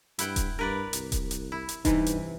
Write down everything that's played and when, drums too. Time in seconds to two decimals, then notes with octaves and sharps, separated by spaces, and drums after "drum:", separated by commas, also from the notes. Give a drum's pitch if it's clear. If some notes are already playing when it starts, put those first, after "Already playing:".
0.19 G2 E4 F#5 G5, drum: hi-hat
0.36 drum: kick D#1, hi-hat
0.59 G2 A#4 B4 D5
0.93 C2, drum: hi-hat
1.12 drum: kick D#1, hi-hat
1.31 drum: hi-hat
1.52 E4
1.69 drum: hi-hat
1.85 G2 C3 E3 D#4, drum: kick D#1, hi-hat
2.06 drum: hi-hat